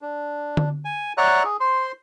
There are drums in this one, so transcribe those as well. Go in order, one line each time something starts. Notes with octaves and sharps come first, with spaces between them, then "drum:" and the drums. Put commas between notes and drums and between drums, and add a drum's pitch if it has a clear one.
D4
drum: tom D3
G#5
C#5 D5 E5 F#5 A#5 F#6
G#4
C5 C6